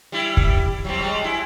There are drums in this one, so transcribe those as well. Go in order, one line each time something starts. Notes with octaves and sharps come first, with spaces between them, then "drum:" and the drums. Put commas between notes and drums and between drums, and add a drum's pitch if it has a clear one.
G3 E4
drum: kick
F#3 G3 C4
G3 G#3
E4